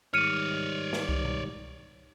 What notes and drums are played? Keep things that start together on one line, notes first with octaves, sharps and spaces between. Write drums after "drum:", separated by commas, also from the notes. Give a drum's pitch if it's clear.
G#2 D#3 G3 C#5 D5 F6 C#7 D#7
drum: snare
drum: kick C2
drum: tom B2